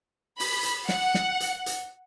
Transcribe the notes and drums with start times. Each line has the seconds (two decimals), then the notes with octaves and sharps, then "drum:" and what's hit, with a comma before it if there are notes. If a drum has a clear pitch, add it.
0.40 B5, drum: open hi-hat
0.63 drum: hi-hat
0.89 F#5, drum: snare
1.14 drum: snare
1.40 drum: hi-hat
1.66 drum: hi-hat